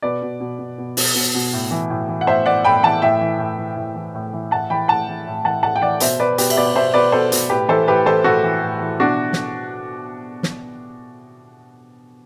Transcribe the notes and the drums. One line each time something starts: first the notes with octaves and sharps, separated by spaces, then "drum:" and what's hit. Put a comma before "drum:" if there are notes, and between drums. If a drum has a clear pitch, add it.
B2 B4 D5
B2
B2
B2
B2
B2, drum: open hi-hat
B2
B2
A2
E3
A2
E3
F#5
A2 C5 E5
E3 D5 F#5
A2 G5 B5
E3 F#5 A5
A2 E5 G5
E3
A2
E3
A2
E3
A2
E3
A2 F#5 A5
E3 G5 B5
A2 F#5 A5
E3
A2
E3 F#5 A5
A2 F#5 A5
G5
E3 D5 F#5
B2 C5 E5, drum: hi-hat
B2 B4 D5
B2 G4 B4, drum: hi-hat
E5, drum: cymbal
B2 B4 D5
B2 C5 E5
B2 B4 D5
B2 A4 C5
B2, drum: hi-hat
A2 G4 B4
E3 A4 C5
A2 G4 B4
E3 A4 C5
A2 F#4 A4
E3
A2
E3
B2 D4 F#4
drum: snare
drum: snare